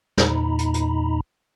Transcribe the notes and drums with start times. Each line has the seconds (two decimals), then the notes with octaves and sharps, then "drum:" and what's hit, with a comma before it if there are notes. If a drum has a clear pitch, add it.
0.18 E2 A#2 D#4 A#5 B5, drum: snare
0.59 drum: hi-hat
0.74 drum: hi-hat